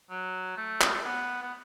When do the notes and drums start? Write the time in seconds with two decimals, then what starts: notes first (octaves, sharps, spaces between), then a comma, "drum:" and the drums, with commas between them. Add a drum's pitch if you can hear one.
0.10 F#3
0.57 A3
0.81 drum: clap
1.05 B3
1.42 B3